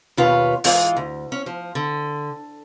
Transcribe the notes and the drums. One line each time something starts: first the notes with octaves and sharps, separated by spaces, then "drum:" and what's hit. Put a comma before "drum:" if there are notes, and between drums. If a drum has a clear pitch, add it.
D#2 B2 F4 B4 C#5
G#2 E3 G#3 F4, drum: open hi-hat
D2
C#4
F3
D3